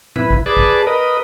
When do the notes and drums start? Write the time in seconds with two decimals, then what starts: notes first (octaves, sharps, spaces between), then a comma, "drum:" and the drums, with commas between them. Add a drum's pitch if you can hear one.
0.16 E4 B4, drum: tom A2
0.30 drum: kick
0.46 G#4 B4 D5 A5
0.57 drum: kick
0.87 A#4 B4 D#5